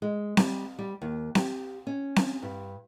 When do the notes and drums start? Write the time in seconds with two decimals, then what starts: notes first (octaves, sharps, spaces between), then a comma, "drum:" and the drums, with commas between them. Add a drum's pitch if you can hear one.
0.02 G#3
0.37 G3, drum: snare C4
0.79 G3
1.02 D#2
1.35 G4, drum: snare C4
1.87 C#4
2.16 drum: snare C4
2.42 G2